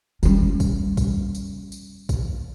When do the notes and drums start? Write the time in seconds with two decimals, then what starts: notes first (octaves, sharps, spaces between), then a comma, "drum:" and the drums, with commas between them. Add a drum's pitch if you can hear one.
0.23 G3 C#4, drum: tambourine
0.60 drum: kick, tambourine
0.97 drum: kick, tambourine
1.35 drum: tambourine
1.72 drum: tambourine
2.09 drum: kick, tambourine